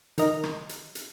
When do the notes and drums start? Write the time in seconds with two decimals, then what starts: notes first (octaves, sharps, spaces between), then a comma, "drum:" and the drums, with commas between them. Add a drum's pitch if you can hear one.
0.18 D#3 A#4 D#5, drum: hi-hat
0.43 drum: rim click
0.69 drum: hi-hat
0.95 drum: hi-hat